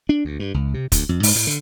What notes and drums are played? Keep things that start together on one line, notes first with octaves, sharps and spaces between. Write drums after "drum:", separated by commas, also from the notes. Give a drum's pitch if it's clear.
D4
D2
G2
C#2
C3
D2, drum: kick, hi-hat
F2
G#2, drum: open hi-hat
A2
D3